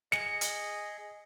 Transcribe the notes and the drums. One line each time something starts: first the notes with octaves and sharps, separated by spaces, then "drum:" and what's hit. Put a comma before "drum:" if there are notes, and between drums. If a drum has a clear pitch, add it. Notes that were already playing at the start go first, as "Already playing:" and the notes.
G#4 D#5 C#7, drum: snare
drum: hi-hat